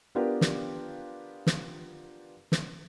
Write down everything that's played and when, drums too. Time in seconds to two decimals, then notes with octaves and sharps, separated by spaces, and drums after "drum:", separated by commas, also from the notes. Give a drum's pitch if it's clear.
0.15 B3 D4 F4 G4 A#4 B4
0.41 drum: snare
1.47 drum: snare
2.52 drum: snare